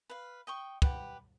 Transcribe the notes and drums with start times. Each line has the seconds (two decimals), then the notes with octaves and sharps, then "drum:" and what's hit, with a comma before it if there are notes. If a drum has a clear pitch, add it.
0.10 B4 F5
0.47 D#5 G5 C#6
0.82 G4 B4 F#5, drum: kick